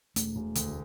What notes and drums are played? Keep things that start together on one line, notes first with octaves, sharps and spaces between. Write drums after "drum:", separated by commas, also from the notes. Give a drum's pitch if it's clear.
E1 A3, drum: hi-hat
E1
D2, drum: hi-hat